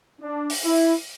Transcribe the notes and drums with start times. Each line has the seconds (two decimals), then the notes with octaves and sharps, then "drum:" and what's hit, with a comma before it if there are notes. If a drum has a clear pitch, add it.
0.21 D4
0.50 drum: open hi-hat
0.64 E4